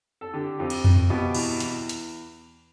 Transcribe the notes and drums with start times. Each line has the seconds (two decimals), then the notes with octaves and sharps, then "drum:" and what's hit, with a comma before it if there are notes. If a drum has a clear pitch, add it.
0.21 A4
0.34 D3 G4
0.59 F2 G4
0.70 drum: cymbal
0.84 F2, drum: tom F2
1.10 B2 G4
1.35 E2, drum: cymbal
1.60 E2, drum: hi-hat
1.89 drum: hi-hat